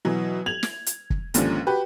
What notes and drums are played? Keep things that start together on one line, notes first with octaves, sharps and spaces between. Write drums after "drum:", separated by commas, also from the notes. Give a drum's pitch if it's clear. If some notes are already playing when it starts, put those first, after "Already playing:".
B2 E3 F#3
G#6 F7 F#7
drum: snare
drum: hi-hat
drum: kick
D#2 G#2 D3 F3 C#4 D4, drum: hi-hat
F#4 G4 B4